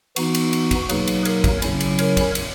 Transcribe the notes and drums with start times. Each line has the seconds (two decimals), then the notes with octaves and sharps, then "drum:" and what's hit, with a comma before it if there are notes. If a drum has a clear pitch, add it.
0.16 E3 B3 D#4 F#4, drum: cymbal
0.35 drum: cymbal
0.53 drum: cymbal
0.71 drum: kick G#1, cymbal
0.89 B2 F#3 A#3 D#4 G#4 B4, drum: cymbal
1.08 drum: cymbal
1.25 A#4 C#5, drum: cymbal
1.44 drum: kick G#1, cymbal
1.62 C#3 F#3 C#4 E4, drum: cymbal
1.80 drum: cymbal
1.99 A#4 C#5, drum: cymbal
2.17 drum: kick G#1, cymbal
2.35 drum: cymbal